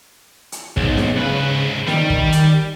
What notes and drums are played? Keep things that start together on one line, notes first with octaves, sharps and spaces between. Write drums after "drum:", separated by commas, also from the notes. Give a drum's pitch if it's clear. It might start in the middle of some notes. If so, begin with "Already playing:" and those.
drum: hi-hat
B1 G#2, drum: kick
drum: snare
G#2 C#3 B4
D#3 G3, drum: snare
drum: kick
drum: hi-hat